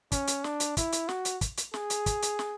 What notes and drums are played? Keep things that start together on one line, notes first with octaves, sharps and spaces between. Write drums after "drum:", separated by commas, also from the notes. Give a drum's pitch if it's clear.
C#4, drum: kick, hi-hat
drum: hi-hat
D4, drum: snare
drum: hi-hat
E4, drum: kick, hi-hat
drum: hi-hat
F#4, drum: snare
drum: hi-hat
drum: kick, hi-hat
drum: hi-hat
G#4, drum: snare
drum: hi-hat
drum: kick, hi-hat
drum: hi-hat
drum: snare